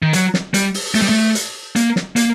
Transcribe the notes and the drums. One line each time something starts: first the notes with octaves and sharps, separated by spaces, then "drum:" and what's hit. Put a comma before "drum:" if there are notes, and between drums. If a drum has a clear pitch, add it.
D#3
F#3, drum: hi-hat
drum: snare
G3, drum: hi-hat
drum: open hi-hat
A3, drum: open hi-hat
G3
A3
drum: hi-hat
A#3, drum: hi-hat
drum: snare
A#3, drum: hi-hat